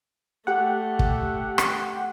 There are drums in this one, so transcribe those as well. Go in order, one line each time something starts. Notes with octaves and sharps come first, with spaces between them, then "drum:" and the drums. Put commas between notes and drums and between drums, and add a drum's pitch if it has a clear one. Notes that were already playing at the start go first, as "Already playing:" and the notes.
A3 G4 F#5
drum: kick
drum: rim click